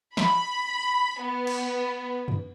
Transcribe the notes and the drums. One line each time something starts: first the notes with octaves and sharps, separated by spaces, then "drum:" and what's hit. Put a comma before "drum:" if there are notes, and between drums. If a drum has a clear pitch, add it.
B5, drum: snare
B3
drum: cymbal
drum: tom F#2